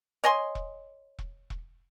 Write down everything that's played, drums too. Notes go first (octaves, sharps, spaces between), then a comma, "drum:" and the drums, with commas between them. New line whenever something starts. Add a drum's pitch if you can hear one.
C#5 D#5 G#5 C6
drum: kick E1
drum: kick E1
drum: kick E1